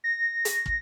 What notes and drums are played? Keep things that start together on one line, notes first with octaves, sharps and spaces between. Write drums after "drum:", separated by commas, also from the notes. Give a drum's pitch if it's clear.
A#6
drum: hi-hat
drum: kick